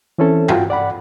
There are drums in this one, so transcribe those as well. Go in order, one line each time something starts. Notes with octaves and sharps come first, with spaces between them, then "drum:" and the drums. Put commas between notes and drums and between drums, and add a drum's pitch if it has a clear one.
E3 C4 C#4 E4 A4
F4 F#4 G5, drum: tom G2
D5 F#5 B5